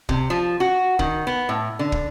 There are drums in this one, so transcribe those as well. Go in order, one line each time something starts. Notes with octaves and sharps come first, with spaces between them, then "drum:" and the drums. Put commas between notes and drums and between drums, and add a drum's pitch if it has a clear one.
C3, drum: kick
F3
F#4
D#3, drum: kick
B3
A2
D3
drum: kick